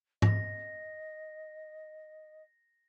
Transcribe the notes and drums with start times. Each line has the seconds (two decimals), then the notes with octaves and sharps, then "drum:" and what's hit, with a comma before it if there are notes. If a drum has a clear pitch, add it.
0.22 D#5 A#6, drum: tom